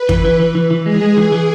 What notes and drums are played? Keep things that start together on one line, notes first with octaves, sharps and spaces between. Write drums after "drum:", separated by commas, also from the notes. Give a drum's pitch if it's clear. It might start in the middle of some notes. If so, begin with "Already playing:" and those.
Already playing: B4
E3, drum: kick
E3
E3
E3
E3
G#3 G#4
G#3
E3
E3